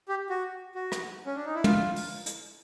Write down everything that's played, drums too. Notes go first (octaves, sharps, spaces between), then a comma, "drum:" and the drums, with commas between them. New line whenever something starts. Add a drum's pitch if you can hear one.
G4
F#4
F#4
drum: rim click
C#4
D4
D#4
E4
F4, drum: tom
drum: open hi-hat
drum: hi-hat